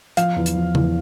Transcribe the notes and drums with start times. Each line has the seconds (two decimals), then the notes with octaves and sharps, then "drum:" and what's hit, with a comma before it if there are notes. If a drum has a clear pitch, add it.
0.17 F3 F5, drum: hi-hat
0.36 E2
0.46 drum: hi-hat
0.56 F3
0.75 E2, drum: tom C#3